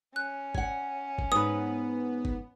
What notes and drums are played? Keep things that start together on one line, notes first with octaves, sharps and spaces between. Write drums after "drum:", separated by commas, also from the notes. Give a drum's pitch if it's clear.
C#4 F#6
F#5 G#5, drum: kick G1
drum: kick G1
G#2 B3 B4 D#6
drum: kick G1